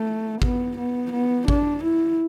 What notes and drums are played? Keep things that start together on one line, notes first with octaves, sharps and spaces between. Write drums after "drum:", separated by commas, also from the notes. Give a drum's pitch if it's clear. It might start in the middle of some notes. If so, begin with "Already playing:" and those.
Already playing: A3
B3, drum: kick G#1
B3
B3
D4, drum: kick G#1
E4